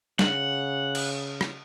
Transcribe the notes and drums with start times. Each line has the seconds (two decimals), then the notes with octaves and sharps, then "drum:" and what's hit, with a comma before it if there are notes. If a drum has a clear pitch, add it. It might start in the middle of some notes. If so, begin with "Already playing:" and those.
0.19 C#3 F#5, drum: snare
0.95 drum: cymbal
1.41 drum: rim click